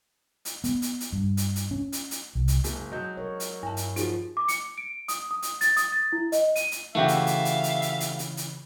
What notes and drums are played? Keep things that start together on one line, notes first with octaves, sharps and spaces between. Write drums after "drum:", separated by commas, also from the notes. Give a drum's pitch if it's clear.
drum: hi-hat
B3, drum: hi-hat
drum: hi-hat
drum: hi-hat
G2
drum: hi-hat
drum: hi-hat
C#4
drum: hi-hat
drum: hi-hat
C2
drum: hi-hat
F#1 G#4, drum: hi-hat
F#3 D#5 G6
A#4 C#5
drum: hi-hat
G2 E4 A5
drum: hi-hat
F3 D#4 F4 F#4 G#4, drum: hi-hat
D6
C#7, drum: hi-hat
D7
D#6, drum: hi-hat
D#6
drum: hi-hat
A6, drum: hi-hat
D#6, drum: hi-hat
A6
E4
D#5, drum: hi-hat
D#7, drum: hi-hat
drum: hi-hat
C#3 E3 A3 F#4 G4 E5 F5
drum: hi-hat
drum: hi-hat
drum: hi-hat
drum: hi-hat
drum: hi-hat
drum: hi-hat
drum: hi-hat
drum: hi-hat